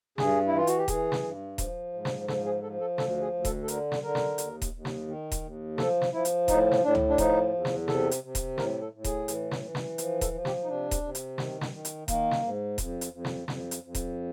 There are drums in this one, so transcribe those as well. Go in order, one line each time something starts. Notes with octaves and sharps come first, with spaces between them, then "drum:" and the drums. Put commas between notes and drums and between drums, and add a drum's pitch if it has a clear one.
G2 G#4, drum: snare
E4
E3 F4
F#4, drum: hi-hat
G4
E3 G#4, drum: kick D#1, hi-hat
drum: snare
G2
F3, drum: kick D#1, hi-hat
G#2
drum: snare
F3 A4, drum: snare
G#4
F3 A4
A4
D2 A4, drum: snare
G#4
D2
A4, drum: kick D#1, hi-hat
A4
D3 A#4, drum: hi-hat
drum: snare
D3 A#4
drum: snare
D#2, drum: hi-hat
drum: kick D#1, hi-hat
D#2
drum: snare
D#3
drum: kick D#1, hi-hat
D#2
F3 A4, drum: snare
drum: snare
F3 E4
drum: hi-hat
A2 D#4, drum: kick D#1, hi-hat
drum: snare
A2 D4
drum: tom
D4
F3 D#4, drum: kick D#1, hi-hat
E2
drum: snare
C3 A4, drum: snare
drum: hi-hat
C3
drum: kick D#1, hi-hat
A2 A#4, drum: snare
A4
A2
G#4, drum: kick D#1, hi-hat
E3, drum: hi-hat
drum: snare
E3
drum: snare
F3, drum: hi-hat
A4, drum: kick D#1, hi-hat
F3
G4, drum: snare
D#4
C3 D4
drum: kick D#1, hi-hat
C3
drum: hi-hat
D#3, drum: snare
drum: snare
D#3
drum: hi-hat
D#3 A#3, drum: kick D#1, hi-hat
drum: snare
G#2
F2, drum: kick D#1, hi-hat
drum: hi-hat
F2
drum: snare
F2, drum: snare
drum: hi-hat
F2
drum: kick D#1, hi-hat